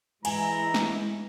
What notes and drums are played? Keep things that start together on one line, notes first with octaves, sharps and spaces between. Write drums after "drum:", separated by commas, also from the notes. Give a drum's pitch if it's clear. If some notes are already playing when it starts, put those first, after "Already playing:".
E3 G#3 E4 G#5 A#5, drum: cymbal
drum: snare